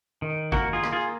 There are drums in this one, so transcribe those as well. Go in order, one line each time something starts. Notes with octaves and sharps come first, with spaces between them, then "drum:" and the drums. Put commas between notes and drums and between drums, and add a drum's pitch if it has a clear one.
D#3
A#3 F#4 A#4, drum: kick
F4 G#4
A#3, drum: rim click
F4 G#4